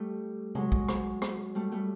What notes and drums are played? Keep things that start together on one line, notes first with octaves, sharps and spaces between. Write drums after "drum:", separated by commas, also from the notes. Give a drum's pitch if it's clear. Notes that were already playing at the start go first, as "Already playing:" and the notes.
Already playing: G3 A3
F#3 G#3, drum: tom C#3
drum: kick A#1
drum: rim click
drum: rim click
G3 A3
G3 A3